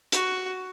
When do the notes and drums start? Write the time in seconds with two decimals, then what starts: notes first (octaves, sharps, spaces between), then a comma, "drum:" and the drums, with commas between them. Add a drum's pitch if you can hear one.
0.12 F#4, drum: hi-hat